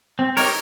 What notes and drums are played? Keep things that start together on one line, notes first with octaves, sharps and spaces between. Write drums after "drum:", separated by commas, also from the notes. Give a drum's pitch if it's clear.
C4
D#4 G4 A#4 C#5, drum: open hi-hat